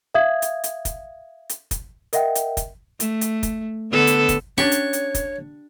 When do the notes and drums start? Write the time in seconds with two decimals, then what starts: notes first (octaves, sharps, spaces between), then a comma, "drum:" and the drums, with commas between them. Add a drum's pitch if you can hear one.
0.14 E5 F5 D#6 G#6
0.42 drum: hi-hat
0.64 drum: hi-hat
0.85 drum: kick, hi-hat
1.49 drum: hi-hat
1.71 drum: kick, hi-hat
2.13 A#4 D#5 E5 F#5 G5, drum: hi-hat
2.35 drum: hi-hat
2.57 drum: kick, hi-hat
3.00 A3, drum: hi-hat
3.21 drum: hi-hat
3.43 drum: kick, hi-hat
3.91 D3 B3 A4
4.07 drum: hi-hat
4.29 drum: kick, hi-hat
4.58 C#4 D4 G4 C#5 C#6
4.72 drum: hi-hat
4.93 drum: hi-hat
5.15 drum: kick, hi-hat